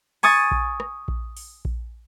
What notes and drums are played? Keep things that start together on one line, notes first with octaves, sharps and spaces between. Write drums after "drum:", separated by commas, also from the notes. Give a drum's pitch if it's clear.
G#5 C#6 D#6 A6, drum: open hi-hat
drum: kick A#1
drum: rim click
drum: kick A#1
drum: open hi-hat
drum: kick A#1